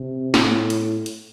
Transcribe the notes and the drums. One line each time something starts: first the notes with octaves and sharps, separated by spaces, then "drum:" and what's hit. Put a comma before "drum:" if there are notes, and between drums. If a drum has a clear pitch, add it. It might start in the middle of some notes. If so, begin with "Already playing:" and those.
Already playing: C3
A2, drum: snare
drum: hi-hat
drum: hi-hat